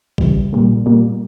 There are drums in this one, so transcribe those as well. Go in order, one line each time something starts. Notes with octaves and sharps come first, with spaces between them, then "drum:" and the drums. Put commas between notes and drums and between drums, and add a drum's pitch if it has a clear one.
C#3 E3 G3, drum: kick A1
A#2 G3 A#3
A#2 G3 A#3